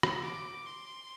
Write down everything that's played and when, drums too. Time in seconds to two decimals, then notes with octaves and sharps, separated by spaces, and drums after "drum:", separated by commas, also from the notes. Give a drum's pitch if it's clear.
0.03 drum: rim click
0.23 D6
0.66 C6